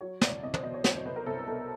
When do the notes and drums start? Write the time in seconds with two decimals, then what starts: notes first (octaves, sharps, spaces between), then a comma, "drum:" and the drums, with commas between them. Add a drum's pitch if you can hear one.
0.01 F#3 C#5
0.21 C2 D5, drum: snare
0.43 C2 D#5
0.54 C5, drum: tom
0.63 B2 D#5
0.74 C#5
0.84 F#3 C5, drum: snare
0.95 C5
1.05 C2 B4
1.16 A#4
1.26 C2 A4
1.48 B2 A4